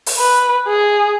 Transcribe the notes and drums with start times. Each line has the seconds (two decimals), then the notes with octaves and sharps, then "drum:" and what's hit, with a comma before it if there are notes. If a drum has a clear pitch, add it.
0.06 drum: open hi-hat
0.18 B4
0.68 G#4